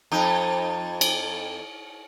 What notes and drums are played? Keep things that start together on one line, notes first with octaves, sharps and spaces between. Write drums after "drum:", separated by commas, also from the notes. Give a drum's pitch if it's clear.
F2 D#4
drum: cymbal